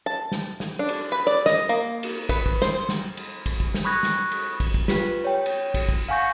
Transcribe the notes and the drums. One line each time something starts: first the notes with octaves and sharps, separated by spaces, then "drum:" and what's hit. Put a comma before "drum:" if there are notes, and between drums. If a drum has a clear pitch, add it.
A5
drum: snare
drum: snare
D4
drum: cymbal
B4
D5
D#5, drum: snare
A#3
drum: cymbal
B4, drum: kick, cymbal
drum: kick
C5, drum: snare
drum: snare
drum: cymbal
drum: kick, cymbal
drum: kick
drum: snare
B5 C#6 D#6 F#6 G#6 A#6
drum: snare
drum: cymbal
drum: kick, cymbal
drum: kick
F4 G4 B4, drum: snare
C#5 G5
drum: cymbal
drum: kick, cymbal
drum: kick
F5 F#5 G#5 C#6 G6 A#6